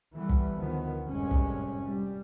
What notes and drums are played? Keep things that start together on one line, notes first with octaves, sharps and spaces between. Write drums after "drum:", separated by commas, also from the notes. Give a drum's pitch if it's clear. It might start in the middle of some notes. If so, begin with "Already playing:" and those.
E3 G3 A3 B3
drum: kick
D2 D#3 F3 B3
F1 F#2 A2 G3 G#3 C#4
drum: kick
G3